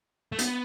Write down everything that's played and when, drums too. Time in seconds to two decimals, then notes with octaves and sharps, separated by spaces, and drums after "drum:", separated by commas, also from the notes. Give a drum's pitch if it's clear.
0.32 A3
0.39 B3, drum: hi-hat